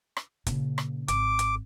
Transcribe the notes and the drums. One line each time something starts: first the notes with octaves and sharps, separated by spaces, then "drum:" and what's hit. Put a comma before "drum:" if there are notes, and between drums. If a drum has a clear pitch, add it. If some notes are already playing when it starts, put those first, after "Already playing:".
drum: rim click
A#2 C#3, drum: kick G1, hi-hat
drum: rim click
G#1 D6, drum: hi-hat
drum: hi-hat